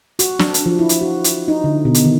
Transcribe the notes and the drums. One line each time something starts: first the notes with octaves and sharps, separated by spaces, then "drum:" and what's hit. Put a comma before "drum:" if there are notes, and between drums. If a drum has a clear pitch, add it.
F#4, drum: hi-hat
D4, drum: snare
drum: hi-hat
F3
E4
drum: hi-hat
F#4
drum: hi-hat
D#4
D3
B2
drum: hi-hat
D#3